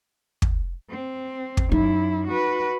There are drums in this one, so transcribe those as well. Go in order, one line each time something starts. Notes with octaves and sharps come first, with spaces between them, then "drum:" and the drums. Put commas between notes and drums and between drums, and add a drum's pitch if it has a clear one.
drum: kick
C4
drum: kick
F#2 D#4 E4
F#4 B4